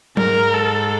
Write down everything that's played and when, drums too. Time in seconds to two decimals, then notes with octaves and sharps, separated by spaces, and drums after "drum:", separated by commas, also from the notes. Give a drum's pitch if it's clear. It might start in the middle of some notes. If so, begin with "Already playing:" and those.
0.17 G#2 A#4, drum: tom F#3
0.54 A4